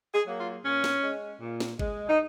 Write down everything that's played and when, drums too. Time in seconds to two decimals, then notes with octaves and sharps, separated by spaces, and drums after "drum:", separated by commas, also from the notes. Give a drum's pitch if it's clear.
0.14 G#4
0.27 F#3 A#3
0.39 F4
0.64 A#2 C#4
0.84 drum: snare
1.03 G#3
1.41 A#2
1.60 drum: snare
1.79 G#3, drum: kick
2.09 D#4